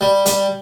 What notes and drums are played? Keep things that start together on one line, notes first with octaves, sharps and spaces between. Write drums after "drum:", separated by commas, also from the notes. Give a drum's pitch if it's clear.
G3
G3, drum: hi-hat